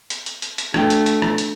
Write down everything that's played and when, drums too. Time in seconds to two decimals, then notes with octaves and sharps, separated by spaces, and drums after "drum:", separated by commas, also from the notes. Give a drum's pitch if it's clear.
0.10 drum: hi-hat
0.26 drum: hi-hat
0.42 drum: hi-hat
0.58 drum: hi-hat
0.74 A3 D4 F#4 G5, drum: rim click
0.90 drum: hi-hat
1.06 drum: hi-hat
1.22 drum: rim click
1.38 drum: hi-hat